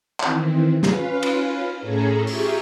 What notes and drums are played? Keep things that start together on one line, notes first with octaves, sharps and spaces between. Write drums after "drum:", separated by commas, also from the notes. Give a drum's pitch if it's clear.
D#3 E3 C4, drum: clap
C#4 F4 B4 F5, drum: snare
drum: cymbal
A2 C#4 G#4 A4 A#5
F4 G4 G#4 E5 A#5 C#6, drum: open hi-hat